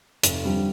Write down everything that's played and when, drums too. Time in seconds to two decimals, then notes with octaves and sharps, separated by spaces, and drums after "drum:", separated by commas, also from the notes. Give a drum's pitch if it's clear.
0.23 F1, drum: hi-hat
0.44 F2 D3 G3